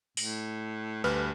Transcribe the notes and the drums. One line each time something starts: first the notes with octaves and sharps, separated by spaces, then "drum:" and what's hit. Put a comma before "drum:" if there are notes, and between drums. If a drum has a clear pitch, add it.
A2, drum: open hi-hat
D2 G2 B4 F6